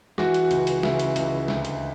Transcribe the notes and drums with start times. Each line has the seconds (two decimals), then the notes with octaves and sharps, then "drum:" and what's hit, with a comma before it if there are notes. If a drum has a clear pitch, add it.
0.18 E3 F#4, drum: snare
0.34 drum: hi-hat
0.51 C#2, drum: hi-hat
0.67 drum: hi-hat
0.83 C#3 E4, drum: snare
0.99 drum: hi-hat
1.16 C#2, drum: hi-hat
1.48 D2, drum: snare
1.65 drum: hi-hat